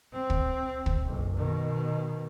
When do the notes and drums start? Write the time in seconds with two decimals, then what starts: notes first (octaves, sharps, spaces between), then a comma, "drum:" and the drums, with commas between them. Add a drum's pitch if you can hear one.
0.13 C4
0.30 drum: kick
0.86 drum: kick
1.05 F#1 B1
1.37 B2 D#3